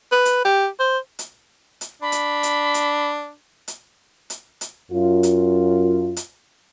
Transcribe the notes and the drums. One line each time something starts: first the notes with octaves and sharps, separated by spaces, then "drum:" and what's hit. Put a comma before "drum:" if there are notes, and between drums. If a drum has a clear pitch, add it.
B4
drum: hi-hat
G4
C5
drum: hi-hat
drum: hi-hat
D4 B5
drum: hi-hat
drum: hi-hat
drum: hi-hat
drum: hi-hat
drum: hi-hat
drum: hi-hat
F#2 F4
drum: hi-hat
drum: hi-hat